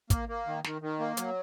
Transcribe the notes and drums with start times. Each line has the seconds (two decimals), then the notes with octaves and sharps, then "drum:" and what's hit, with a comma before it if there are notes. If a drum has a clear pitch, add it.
0.10 A#3, drum: kick, hi-hat
0.29 A#3
0.47 D#3
0.64 D#3, drum: snare
0.82 D#3
1.00 A#3
1.17 F#3, drum: hi-hat